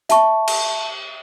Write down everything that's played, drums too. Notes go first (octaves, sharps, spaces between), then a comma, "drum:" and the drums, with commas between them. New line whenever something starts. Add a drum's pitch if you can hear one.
E5 A5 C#6, drum: hi-hat
drum: cymbal